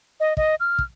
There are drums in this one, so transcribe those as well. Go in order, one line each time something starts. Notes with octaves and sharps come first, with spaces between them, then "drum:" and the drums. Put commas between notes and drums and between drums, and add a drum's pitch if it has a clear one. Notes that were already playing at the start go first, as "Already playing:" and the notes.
D#5
D#5, drum: kick
F6
drum: kick